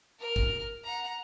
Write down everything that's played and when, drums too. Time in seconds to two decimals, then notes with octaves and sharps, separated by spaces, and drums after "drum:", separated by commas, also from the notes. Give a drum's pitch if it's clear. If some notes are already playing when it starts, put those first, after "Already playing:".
0.20 A#4 F6
0.36 drum: kick
0.84 F#5 A#5